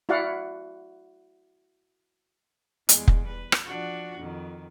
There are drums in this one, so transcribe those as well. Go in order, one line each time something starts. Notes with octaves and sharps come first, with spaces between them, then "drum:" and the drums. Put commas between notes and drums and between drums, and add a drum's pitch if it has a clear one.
E4 F#4 D5 F5 F#5
E2 G3 G#3, drum: hi-hat
drum: kick F1
B4
drum: rim click
F3 D4 F#4
F2 D#3